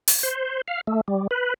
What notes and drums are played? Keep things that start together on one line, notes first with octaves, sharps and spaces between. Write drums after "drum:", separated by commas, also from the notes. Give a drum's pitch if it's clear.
drum: open hi-hat
C5
F5
A3
G3
B4